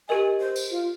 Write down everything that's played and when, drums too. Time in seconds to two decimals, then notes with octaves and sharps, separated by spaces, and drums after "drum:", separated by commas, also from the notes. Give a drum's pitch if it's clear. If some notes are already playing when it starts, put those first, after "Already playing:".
0.09 G4 A#4 D#5 G#5
0.40 C5
0.56 drum: tambourine
0.71 F4